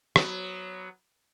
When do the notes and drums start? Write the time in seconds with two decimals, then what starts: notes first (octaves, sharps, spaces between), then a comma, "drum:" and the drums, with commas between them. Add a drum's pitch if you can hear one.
0.16 F#3 B3, drum: rim click